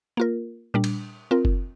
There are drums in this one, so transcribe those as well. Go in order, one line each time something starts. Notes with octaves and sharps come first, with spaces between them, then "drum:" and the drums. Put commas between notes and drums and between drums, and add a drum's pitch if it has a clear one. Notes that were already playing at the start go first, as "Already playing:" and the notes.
A#3 F4 A#4
A#2 G3 D4
drum: cymbal
C4 F4 A#4
drum: kick F#1